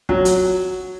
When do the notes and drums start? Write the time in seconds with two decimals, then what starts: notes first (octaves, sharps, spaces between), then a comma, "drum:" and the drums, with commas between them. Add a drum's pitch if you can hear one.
0.09 F#3, drum: kick
0.25 drum: hi-hat